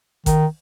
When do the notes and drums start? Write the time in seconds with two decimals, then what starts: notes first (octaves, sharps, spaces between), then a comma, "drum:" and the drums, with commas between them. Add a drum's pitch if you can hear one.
0.26 D#3, drum: kick G#1, hi-hat